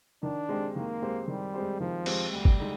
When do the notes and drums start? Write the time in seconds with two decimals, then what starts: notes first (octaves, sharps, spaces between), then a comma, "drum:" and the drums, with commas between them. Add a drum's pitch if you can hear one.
0.23 D#3 D4
0.49 G#3 C4 G4 C5
0.76 D#3 A#3
1.02 G#3 C4 G4 C5
1.28 D#3 G3
1.54 G#3 C4 G4 C5
1.80 D#3 F3
2.06 G#3 C4 G4 C5, drum: cymbal
2.33 D2 G3
2.45 drum: kick G#1
2.59 D3 G#3 D#4